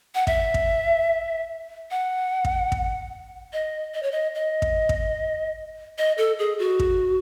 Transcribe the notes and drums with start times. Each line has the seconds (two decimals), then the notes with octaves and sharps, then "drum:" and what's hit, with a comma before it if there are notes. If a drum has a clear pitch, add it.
0.15 F#5
0.27 E5, drum: kick
0.54 drum: kick
1.91 F#5
2.45 drum: kick
2.72 drum: kick
3.53 D#5
3.94 D#5
4.03 C#5
4.12 D#5
4.35 D#5
4.62 drum: kick
4.89 drum: kick
5.98 D#5
6.18 A4
6.39 G#4
6.59 F#4
6.79 drum: kick